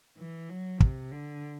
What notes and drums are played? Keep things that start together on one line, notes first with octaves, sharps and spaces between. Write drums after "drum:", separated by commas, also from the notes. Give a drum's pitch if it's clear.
E3
F#3
C3, drum: kick
D3